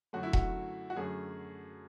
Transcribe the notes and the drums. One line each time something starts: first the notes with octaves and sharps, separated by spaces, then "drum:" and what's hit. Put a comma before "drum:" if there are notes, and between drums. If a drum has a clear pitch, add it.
F#2 D3 F#3 A3 F#4
E4
F#4, drum: kick E1
F#4
F#2 D3 F#3 A3 G#4